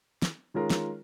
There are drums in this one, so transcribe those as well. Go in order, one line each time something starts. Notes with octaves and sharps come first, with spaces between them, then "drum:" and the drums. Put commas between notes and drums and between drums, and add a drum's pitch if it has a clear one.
drum: snare
D#3 G#3 C#4 F4 A#4
drum: snare